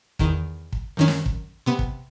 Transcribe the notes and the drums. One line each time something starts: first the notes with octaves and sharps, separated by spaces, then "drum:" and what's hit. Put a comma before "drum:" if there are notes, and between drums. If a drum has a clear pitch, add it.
E2 D#3, drum: kick
drum: kick
F#2 D#3 C#4
drum: snare
drum: kick
C3 B3
drum: kick